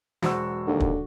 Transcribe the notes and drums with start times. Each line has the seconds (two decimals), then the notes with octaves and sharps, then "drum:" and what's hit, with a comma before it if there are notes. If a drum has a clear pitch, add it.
0.22 E1 F#4 C5 E6, drum: snare
0.67 D#2 D3
0.80 drum: kick